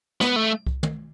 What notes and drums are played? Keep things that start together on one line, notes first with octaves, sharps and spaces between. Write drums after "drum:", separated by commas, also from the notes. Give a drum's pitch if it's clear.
B3, drum: snare
A3
drum: kick C2
drum: tom